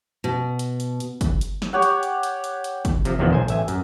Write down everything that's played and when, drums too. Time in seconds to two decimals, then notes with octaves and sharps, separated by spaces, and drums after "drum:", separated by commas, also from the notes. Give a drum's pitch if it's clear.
0.24 B2
0.59 drum: hi-hat
0.80 drum: hi-hat
1.00 drum: hi-hat
1.21 drum: kick, hi-hat
1.41 drum: hi-hat
1.62 drum: snare
1.73 G4 C#5 F#5
1.82 drum: hi-hat
2.03 drum: hi-hat
2.23 drum: hi-hat
2.44 drum: hi-hat
2.64 drum: hi-hat
2.85 drum: kick, hi-hat
3.05 C3 F3, drum: hi-hat
3.19 E2 C3 D#3 F3 A#3 B3
3.31 B1 C5 G#5
3.48 A1 E5 G#5, drum: hi-hat
3.68 F#2, drum: hi-hat